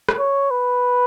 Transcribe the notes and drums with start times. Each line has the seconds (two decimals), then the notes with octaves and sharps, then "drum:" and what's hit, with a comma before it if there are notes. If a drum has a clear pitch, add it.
0.09 drum: rim click
0.19 C#5
0.51 B4